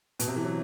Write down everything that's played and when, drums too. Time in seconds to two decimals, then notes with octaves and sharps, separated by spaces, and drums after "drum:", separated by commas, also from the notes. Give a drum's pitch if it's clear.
0.19 B2, drum: hi-hat
0.28 C3
0.36 E3
0.45 F#3